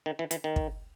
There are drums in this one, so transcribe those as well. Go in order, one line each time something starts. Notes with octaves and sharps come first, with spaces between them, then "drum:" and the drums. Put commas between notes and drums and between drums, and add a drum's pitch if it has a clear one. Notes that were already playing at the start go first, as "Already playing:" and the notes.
D#3
E3
E3, drum: hi-hat
D#3
drum: kick